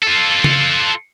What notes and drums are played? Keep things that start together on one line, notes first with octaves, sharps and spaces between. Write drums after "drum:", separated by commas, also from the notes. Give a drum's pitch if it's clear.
F4 A4
drum: tom C#3